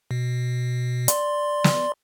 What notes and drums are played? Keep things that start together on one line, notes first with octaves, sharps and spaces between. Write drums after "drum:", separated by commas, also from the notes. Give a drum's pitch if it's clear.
B2
D5 C6, drum: hi-hat
drum: snare